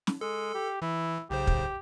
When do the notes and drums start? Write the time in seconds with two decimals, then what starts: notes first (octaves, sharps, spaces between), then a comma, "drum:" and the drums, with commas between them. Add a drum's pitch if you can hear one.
0.07 drum: snare
0.21 G#3 A4
0.54 G4
0.82 E3 E4
1.30 B1 C#3 G4 C5
1.47 drum: kick